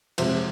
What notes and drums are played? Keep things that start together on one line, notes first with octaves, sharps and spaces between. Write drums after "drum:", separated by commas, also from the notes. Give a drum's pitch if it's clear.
F2 C3 F3 G#3 C5 E5, drum: cymbal